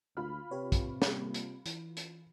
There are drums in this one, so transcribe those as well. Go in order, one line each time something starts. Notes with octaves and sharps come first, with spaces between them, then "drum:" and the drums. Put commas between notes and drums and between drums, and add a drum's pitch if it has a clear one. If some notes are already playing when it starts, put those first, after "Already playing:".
D2 F4 B5 F6
C3 G4 B4 C#5
drum: kick, hi-hat
G3 A#3, drum: snare
drum: hi-hat
E3, drum: hi-hat
drum: hi-hat